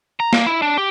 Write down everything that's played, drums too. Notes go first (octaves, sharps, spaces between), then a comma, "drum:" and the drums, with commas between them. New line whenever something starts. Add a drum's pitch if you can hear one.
A#5
A#3, drum: snare
E4
D4
G4